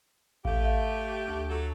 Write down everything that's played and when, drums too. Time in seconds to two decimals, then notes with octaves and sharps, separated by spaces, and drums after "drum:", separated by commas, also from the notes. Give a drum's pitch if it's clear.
0.45 A3 G4 F5, drum: kick A1
0.64 E5 F5
1.28 D2
1.50 F#3 A4